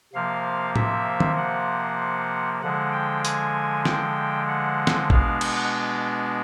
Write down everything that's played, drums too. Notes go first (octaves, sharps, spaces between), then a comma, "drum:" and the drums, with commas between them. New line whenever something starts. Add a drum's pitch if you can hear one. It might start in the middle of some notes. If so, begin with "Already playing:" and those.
C3 F3 A#3 F5
E5, drum: tom
drum: tom D#3
F#5
D3 F3 G#3 F#5
G5
G#5, drum: hi-hat
G5, drum: snare
F#5
drum: snare
B2 G#3 B3 D4 F5, drum: kick
F#5, drum: cymbal